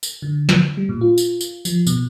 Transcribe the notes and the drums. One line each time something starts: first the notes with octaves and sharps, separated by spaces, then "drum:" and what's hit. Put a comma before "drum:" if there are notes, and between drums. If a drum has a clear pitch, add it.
drum: tambourine
D3
drum: snare
G3
A#2
F4
drum: tambourine
drum: tambourine
F3, drum: tambourine
B2, drum: tambourine